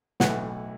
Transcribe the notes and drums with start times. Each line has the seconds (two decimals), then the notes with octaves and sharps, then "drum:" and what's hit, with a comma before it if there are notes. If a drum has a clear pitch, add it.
0.20 B1 A2 E3 F#5, drum: snare